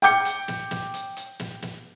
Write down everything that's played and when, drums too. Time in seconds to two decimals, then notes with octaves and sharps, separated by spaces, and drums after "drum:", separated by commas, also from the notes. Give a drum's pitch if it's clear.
0.02 G5 D6 G6 C#7, drum: hi-hat
0.25 drum: hi-hat
0.48 drum: snare
0.71 drum: snare
0.94 drum: hi-hat
1.17 drum: hi-hat
1.40 drum: snare
1.62 drum: snare